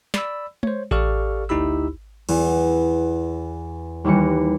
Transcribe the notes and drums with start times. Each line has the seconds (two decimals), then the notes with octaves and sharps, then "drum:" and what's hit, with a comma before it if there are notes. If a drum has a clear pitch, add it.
0.14 D5 B5 E6, drum: snare
0.63 C5 C#5, drum: tom G#3
0.91 G4 A4 D5 F5 C#6 F6, drum: kick A1
1.49 D2 D#4 E4 G4 B5 E6
2.29 E2, drum: cymbal
4.04 D#2 D#3 E3 G3 C#7